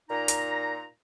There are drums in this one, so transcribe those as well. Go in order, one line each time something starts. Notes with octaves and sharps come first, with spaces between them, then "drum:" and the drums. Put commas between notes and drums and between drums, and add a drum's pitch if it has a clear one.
A#2 D#4 A#5
drum: hi-hat